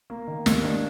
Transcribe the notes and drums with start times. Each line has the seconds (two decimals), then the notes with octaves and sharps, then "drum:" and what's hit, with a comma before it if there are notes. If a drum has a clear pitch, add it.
0.10 A#3
0.27 D#3
0.46 D#2, drum: snare
0.64 D4